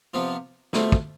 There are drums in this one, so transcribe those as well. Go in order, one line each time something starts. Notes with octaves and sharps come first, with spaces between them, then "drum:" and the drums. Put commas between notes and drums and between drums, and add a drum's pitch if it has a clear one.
C3 F3 B3 F4
B2 A3 C4 F4, drum: snare
drum: kick